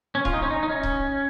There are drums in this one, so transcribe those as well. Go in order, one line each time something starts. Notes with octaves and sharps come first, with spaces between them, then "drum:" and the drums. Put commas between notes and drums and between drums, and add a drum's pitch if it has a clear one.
C#4
F4, drum: kick C#1
D#4
C#4
D#4
D#4
C#4
drum: kick C#1